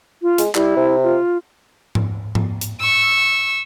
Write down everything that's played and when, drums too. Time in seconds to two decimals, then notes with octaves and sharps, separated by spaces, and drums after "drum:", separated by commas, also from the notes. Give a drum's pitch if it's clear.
0.22 F4
0.38 G#3, drum: hi-hat
0.55 G3 E4, drum: clap
0.76 C3
1.03 F4
1.95 drum: tom G#2
2.35 drum: tom G#2
2.61 drum: hi-hat
2.80 C#6 E6